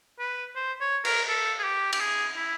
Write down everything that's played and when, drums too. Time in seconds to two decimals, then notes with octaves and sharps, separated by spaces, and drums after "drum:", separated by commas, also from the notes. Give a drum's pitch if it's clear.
0.19 B4
0.56 C5
0.81 C#5
1.05 A#4, drum: cymbal
1.29 A4
1.59 G#4
1.64 G4
1.93 G4, drum: cymbal
2.00 G#4
2.36 E4